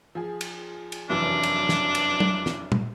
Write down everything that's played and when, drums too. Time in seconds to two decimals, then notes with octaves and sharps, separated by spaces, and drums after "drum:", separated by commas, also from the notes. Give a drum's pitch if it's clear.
0.15 F3 G#4
0.41 drum: cymbal
0.92 drum: cymbal
1.09 F1 F#2 E3 D4
1.43 drum: cymbal
1.69 drum: snare
1.95 drum: cymbal
2.20 drum: tom
2.46 drum: snare
2.72 drum: tom